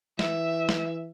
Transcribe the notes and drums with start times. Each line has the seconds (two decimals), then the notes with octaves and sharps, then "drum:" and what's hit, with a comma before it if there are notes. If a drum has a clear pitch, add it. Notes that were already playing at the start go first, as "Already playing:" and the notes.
0.19 E3 E5, drum: snare
0.69 drum: snare